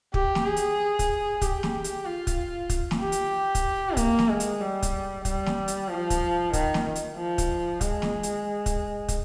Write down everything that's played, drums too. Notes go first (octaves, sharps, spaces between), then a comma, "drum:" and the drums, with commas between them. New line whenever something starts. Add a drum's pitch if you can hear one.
G4, drum: kick
drum: snare
G#4
drum: hi-hat
drum: kick, hi-hat
G4, drum: kick, hi-hat
drum: snare
drum: hi-hat
F4
drum: kick, hi-hat
drum: kick, hi-hat
drum: snare
G4
drum: hi-hat
drum: kick, hi-hat
A#3, drum: kick, hi-hat
drum: snare
G#3
drum: hi-hat
G3
drum: kick, hi-hat
G3, drum: kick, hi-hat
drum: snare
drum: hi-hat
F3
drum: kick, hi-hat
D#3, drum: kick, hi-hat
drum: snare
drum: hi-hat
F3
drum: kick, hi-hat
G#3, drum: kick, hi-hat
drum: snare
drum: hi-hat
drum: kick, hi-hat
drum: kick, hi-hat